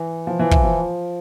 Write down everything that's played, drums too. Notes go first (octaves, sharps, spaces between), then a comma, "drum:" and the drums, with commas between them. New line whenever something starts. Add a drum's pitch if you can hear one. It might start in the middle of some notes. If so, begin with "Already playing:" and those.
Already playing: E3
F3
E3
E3, drum: kick
F3